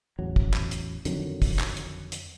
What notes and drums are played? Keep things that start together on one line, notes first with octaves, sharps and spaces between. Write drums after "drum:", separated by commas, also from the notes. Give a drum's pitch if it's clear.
A1 E2 F#3
drum: kick
drum: clap
drum: hi-hat
F2 D3 D#3 F#3, drum: hi-hat
drum: kick, open hi-hat
drum: clap
drum: hi-hat
drum: hi-hat